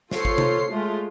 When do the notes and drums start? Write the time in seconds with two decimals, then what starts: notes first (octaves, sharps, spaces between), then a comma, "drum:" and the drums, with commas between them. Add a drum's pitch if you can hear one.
0.11 F4 A4 C5 C#5 C7, drum: snare
0.25 drum: kick G#1
0.38 drum: tom C3
0.70 G#3 A3 F4